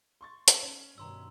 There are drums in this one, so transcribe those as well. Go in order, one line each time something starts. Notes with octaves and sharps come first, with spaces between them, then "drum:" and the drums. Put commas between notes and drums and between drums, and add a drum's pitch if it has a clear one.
C6 C#6 A6
drum: hi-hat
C#4
G2 B2 D#3 A#5 C6 E6